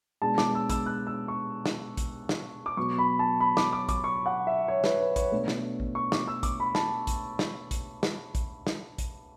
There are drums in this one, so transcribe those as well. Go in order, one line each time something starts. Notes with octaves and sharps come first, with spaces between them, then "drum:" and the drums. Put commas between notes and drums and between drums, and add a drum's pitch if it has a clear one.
B2 G#3 D4 A5
D6, drum: snare
E6
E6, drum: kick, hi-hat
F#6
E6
C#6
drum: snare
drum: kick, hi-hat
drum: snare
D6
B2 F#3 B3 C#6
B5
A5
B5
D6, drum: snare
D6
D6, drum: kick, hi-hat
C#6
F#5
E5
C#5
B4, drum: snare
B4
C#5, drum: kick, hi-hat
B2 A3 D4
drum: snare
drum: kick
C#6
D6, drum: snare
E6
D6, drum: kick, hi-hat
B5
A5, drum: snare
drum: kick, hi-hat
drum: snare
drum: kick, hi-hat
drum: snare
drum: kick, hi-hat
drum: snare
drum: kick, hi-hat